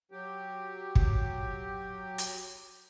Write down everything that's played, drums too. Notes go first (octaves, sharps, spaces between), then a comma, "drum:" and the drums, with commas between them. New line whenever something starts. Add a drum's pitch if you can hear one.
F#3 G4
drum: kick
drum: hi-hat